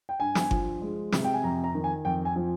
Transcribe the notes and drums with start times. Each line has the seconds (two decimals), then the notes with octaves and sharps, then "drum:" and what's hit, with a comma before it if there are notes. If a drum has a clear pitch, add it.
0.09 G5
0.20 G2 G#5
0.35 drum: snare
0.51 F3, drum: kick G1
0.82 G#3
1.12 C3, drum: snare
1.24 G5
1.34 G#5
1.43 F2 A#5
1.64 A#5
1.74 D#3
1.84 G#5
2.05 F2 G5
2.25 G#5
2.36 F3